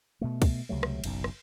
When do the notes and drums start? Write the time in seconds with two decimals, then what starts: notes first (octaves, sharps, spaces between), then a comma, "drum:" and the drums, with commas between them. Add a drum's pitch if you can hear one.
0.21 B2 A3
0.42 drum: kick, cymbal
0.69 C#2 C3 F#3 A3
0.83 drum: rim click
1.04 F#1 B1 F#2, drum: cymbal
1.24 drum: rim click